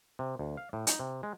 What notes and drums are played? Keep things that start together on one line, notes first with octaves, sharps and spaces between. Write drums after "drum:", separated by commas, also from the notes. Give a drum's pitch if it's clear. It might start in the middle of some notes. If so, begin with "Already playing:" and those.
C3
D2
F5
A2
D#4, drum: hi-hat
C3
G#3